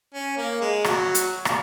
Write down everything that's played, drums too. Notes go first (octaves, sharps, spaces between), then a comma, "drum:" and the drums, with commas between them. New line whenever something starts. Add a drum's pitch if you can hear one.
C#4
A#3
G#3
F#3, drum: rim click
drum: hi-hat
drum: rim click